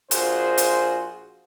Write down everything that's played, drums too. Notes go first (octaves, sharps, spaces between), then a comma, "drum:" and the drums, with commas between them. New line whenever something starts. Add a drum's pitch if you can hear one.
A#1 F4 F#4 G#4 C5, drum: hi-hat
drum: hi-hat